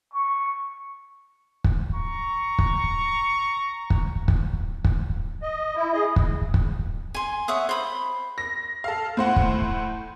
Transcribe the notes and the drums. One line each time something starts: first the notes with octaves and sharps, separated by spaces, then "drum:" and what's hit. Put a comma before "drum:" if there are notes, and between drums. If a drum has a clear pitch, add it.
C#6
drum: kick
A#5 C#6
drum: kick
drum: kick
drum: kick
drum: kick
D#5
E4
G#4 D#5
drum: kick
drum: kick
G#5 C6
C#5 E5 F#5 D#6
C5 B5
A#6
A4 F5
A2 C5 F#5
drum: kick